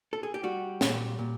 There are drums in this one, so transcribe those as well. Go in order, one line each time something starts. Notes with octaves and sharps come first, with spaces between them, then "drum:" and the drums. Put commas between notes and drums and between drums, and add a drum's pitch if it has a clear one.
A4
G#4
G4
G3 F#4
A#2, drum: snare
A#2